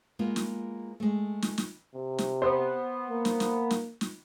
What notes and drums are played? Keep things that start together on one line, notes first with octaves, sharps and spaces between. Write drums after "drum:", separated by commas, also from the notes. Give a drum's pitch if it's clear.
G#3 A#3 B3 F4
drum: snare
G#3 A3
drum: snare
drum: snare
C3
drum: snare
B3 C5
A#3
drum: snare
drum: snare
drum: snare
drum: snare